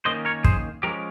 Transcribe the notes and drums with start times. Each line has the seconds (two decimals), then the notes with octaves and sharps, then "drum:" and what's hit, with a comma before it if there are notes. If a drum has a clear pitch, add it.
0.05 D#3 A#3 C#4 C5 D#5
0.25 A#4 C#5
0.44 G#4 C5, drum: kick
0.83 F3 G#3 C#4 G4 A#4